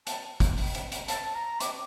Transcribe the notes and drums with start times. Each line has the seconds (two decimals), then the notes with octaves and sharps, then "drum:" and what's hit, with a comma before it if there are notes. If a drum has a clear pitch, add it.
0.07 A5, drum: hi-hat
0.40 drum: kick, hi-hat
0.57 drum: open hi-hat
0.75 drum: hi-hat
0.92 drum: hi-hat
1.08 A5, drum: hi-hat
1.34 A#5
1.60 D6, drum: hi-hat